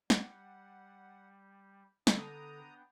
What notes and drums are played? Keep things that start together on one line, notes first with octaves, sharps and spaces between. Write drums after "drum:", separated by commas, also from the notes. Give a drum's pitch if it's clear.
G3 F#5, drum: snare
D3 B3 D4 A4 G5 A#5 D#6, drum: snare